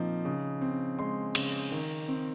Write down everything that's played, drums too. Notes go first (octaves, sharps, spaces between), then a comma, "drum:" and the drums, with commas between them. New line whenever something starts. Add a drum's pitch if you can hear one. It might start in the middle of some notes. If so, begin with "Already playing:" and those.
Already playing: A#2 F3 C4 D#4
C#3
C4
G#3 C6
C#3, drum: cymbal
D#3
C4